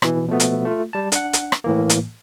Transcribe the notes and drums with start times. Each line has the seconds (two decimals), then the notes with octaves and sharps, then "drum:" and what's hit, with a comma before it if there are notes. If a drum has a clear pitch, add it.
0.02 B2 E3, drum: rim click
0.28 B2 F3 A3 B3
0.40 drum: hi-hat
0.65 A3 F4
0.93 G3 A5
1.12 D4 F#5, drum: hi-hat
1.33 drum: hi-hat
1.52 drum: rim click
1.64 A2 E3 A#3
1.89 drum: hi-hat